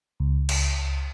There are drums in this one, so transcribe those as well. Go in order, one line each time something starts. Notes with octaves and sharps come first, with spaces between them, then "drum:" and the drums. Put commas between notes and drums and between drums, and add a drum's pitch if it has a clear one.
C#2
drum: cymbal